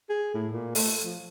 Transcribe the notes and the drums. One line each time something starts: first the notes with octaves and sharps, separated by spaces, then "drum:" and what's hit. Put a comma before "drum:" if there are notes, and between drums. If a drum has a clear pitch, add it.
G#4
A2
A#2
A3, drum: open hi-hat
F3